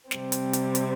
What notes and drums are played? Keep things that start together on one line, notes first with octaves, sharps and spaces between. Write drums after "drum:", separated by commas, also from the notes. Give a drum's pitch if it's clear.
C3 G3 C4, drum: snare
drum: hi-hat
drum: hi-hat
drum: hi-hat